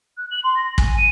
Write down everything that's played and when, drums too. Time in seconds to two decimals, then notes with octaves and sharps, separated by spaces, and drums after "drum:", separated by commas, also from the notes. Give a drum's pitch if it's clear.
0.17 F#6
0.31 F#7
0.44 C6
0.56 A#6
0.78 G#5, drum: kick
0.97 D#7